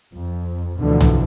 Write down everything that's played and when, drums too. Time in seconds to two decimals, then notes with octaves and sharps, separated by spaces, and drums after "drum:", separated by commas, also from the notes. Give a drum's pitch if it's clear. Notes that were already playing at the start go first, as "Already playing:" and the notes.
0.14 F2
0.80 D2 B2 D3 E3 F3
1.00 drum: tom B1